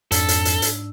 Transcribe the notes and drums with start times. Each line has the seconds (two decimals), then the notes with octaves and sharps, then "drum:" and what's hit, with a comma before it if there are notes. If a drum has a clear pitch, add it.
0.12 F2 G#2 D4 A4 E6, drum: hi-hat
0.28 drum: hi-hat
0.45 drum: hi-hat
0.62 drum: hi-hat